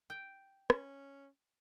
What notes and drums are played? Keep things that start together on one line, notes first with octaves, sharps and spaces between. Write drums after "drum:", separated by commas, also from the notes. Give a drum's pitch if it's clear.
G5
C#4, drum: rim click